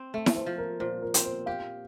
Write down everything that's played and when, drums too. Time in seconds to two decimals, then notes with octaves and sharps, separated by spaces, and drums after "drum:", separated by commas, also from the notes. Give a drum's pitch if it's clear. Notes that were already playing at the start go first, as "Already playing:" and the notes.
Already playing: C4
0.14 A3
0.26 drum: snare E4
0.35 C5
0.46 F3
0.58 A#4
0.80 A#2 C5
1.02 A#4
1.14 C4, drum: hi-hat
1.25 C5
1.46 G4 F5